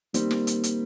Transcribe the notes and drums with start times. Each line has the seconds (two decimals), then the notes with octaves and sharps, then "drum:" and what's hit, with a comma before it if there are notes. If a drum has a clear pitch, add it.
0.14 D#3 G3 A#3 C4, drum: hi-hat
0.31 drum: snare
0.47 drum: hi-hat
0.64 drum: hi-hat